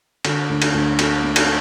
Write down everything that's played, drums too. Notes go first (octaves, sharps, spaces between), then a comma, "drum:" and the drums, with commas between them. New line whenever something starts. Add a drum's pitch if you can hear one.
D3, drum: cymbal
D2
drum: cymbal
D2
A3, drum: cymbal
A3
drum: cymbal